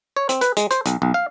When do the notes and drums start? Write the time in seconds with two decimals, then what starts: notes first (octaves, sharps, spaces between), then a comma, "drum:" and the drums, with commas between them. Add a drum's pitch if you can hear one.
0.17 C#5
0.29 C4, drum: hi-hat
0.41 B4, drum: hi-hat
0.57 G#3, drum: hi-hat
0.71 C5, drum: hi-hat
0.86 B1, drum: hi-hat
1.02 B1
1.14 F5